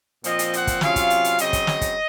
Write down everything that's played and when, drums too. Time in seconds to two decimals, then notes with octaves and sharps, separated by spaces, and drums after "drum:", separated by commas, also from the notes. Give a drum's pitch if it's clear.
0.24 A#2 F3 C4 D#5, drum: hi-hat
0.39 drum: hi-hat
0.53 F#5, drum: hi-hat
0.67 drum: kick, hi-hat
0.81 C3 F#3 C#4 F4 F5, drum: snare
0.96 drum: kick, hi-hat
1.10 drum: hi-hat
1.24 drum: hi-hat
1.38 C#3 F#3 C4 D#5, drum: hi-hat
1.53 drum: kick, hi-hat
1.67 drum: snare
1.81 drum: kick, hi-hat